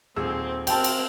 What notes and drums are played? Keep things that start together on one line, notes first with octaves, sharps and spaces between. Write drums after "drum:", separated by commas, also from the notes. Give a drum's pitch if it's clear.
D#1 C4 G#4 E6
C4 A#4 G5 A5, drum: cymbal
drum: cymbal